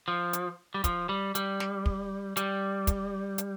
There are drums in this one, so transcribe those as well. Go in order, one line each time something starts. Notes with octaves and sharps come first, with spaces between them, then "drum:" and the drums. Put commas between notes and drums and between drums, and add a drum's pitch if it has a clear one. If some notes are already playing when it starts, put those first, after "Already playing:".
F3
drum: hi-hat
G3
F3, drum: kick, hi-hat
G3
G3, drum: hi-hat
drum: snare
drum: kick
G3, drum: hi-hat
drum: kick, hi-hat
drum: hi-hat